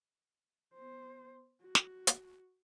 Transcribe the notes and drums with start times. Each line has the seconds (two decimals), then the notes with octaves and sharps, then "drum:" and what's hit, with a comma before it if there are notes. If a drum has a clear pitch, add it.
0.74 B3 C5
1.63 F#4
1.75 drum: snare
2.07 drum: hi-hat